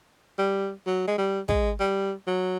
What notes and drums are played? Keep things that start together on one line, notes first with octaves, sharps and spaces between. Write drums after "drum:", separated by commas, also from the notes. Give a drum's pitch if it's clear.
G3
F#3
G#3
G3
G#3, drum: kick
G3
F#3